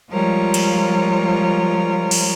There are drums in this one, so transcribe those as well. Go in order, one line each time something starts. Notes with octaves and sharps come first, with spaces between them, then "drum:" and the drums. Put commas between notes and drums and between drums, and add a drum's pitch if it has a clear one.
F3 G3 G#3 F4 A#4 C#5
drum: cymbal
drum: cymbal